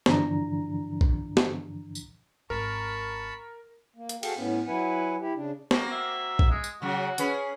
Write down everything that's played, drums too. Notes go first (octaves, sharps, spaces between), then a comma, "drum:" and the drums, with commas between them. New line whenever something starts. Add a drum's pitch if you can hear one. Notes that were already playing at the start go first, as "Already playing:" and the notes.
G2 D3 E3 F3 D4 A#5, drum: snare
drum: kick
drum: snare
drum: tambourine
G#1 A#4 A5 B5 C#6
A#3
drum: hi-hat
F#4 G#4 A4 F5 G5, drum: cymbal
A2 B3 C#4
F#3 E4 B4 F#5 G#5
E4 G4
C#3 D4
A#3 C4 F#4, drum: snare
E5
drum: kick
G#3
drum: tambourine
C#3 F#3 F#4
C#4 G#4 B4, drum: hi-hat